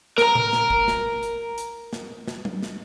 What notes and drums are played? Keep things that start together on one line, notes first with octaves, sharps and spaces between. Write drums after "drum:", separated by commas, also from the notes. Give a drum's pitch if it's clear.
A#4 A#5, drum: snare
drum: tom A2
drum: snare
drum: kick
drum: snare
drum: hi-hat
drum: hi-hat
drum: snare
drum: snare
drum: tom
drum: snare